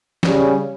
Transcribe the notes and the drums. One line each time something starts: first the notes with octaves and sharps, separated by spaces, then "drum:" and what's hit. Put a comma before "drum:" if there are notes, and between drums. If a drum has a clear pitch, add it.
C#3 G3 C#4, drum: snare